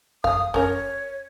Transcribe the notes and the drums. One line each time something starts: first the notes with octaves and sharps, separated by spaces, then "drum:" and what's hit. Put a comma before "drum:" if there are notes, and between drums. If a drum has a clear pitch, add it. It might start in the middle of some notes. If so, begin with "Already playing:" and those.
F5 D#6, drum: kick F2
C#4 A#4 C#5, drum: kick F2